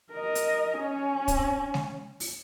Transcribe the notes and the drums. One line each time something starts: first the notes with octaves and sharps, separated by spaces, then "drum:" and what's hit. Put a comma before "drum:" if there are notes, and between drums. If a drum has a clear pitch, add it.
A#4 D#5
drum: hi-hat
C#4
drum: kick, hi-hat
drum: snare G#3
drum: open hi-hat